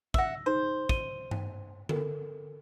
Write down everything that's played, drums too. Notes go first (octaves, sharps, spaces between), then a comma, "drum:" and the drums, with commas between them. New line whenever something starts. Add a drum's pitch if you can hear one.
E5 F#5 E6 A#6, drum: kick
D#4 G#4 C5
D#7 G7, drum: kick
drum: tom G2
A4 A#4, drum: tom D3